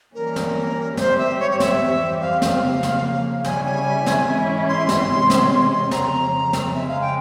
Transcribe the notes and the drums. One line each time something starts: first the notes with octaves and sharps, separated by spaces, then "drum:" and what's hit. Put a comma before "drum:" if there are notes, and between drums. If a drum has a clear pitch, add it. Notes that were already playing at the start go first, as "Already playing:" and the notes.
E3 G3 A#3 C#4 A#4
drum: snare
G#2 G3 C4 G4 C5, drum: snare
E5
C#5
C#5
E5, drum: snare
F2 E3 G3 C4 G4
F5
F5, drum: snare
C#3 F3 A#3
drum: snare
C#3 G3 C#4 E4 G#5, drum: snare
G#5
drum: snare
G#2 E3 G#3 C#4 E4
C6
drum: snare
C3 E3 G#3 C#4
drum: snare
C6
C6
F2 C#3 F3 A#5, drum: snare
drum: snare
C#3 F3 G#3 E5
F5
G5